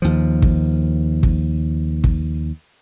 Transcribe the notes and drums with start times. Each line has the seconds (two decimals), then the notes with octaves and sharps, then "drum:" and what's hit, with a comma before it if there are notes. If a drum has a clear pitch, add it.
0.02 D#2 F3
0.42 drum: kick
1.23 drum: kick
2.04 drum: kick